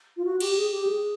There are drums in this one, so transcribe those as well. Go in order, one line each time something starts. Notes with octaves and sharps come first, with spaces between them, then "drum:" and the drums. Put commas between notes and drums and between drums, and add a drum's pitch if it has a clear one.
F4
F#4
G4, drum: cymbal
G#4
G4
G#4